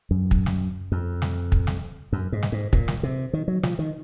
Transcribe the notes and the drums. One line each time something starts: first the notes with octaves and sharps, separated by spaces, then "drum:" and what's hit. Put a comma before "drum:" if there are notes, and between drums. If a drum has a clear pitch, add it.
F#2
drum: kick
drum: snare
F2
drum: snare
drum: kick
drum: snare
F#2
G#2
drum: snare
G#2
A#2, drum: kick
drum: snare
C3
D#3
F#3
F3, drum: snare
D#3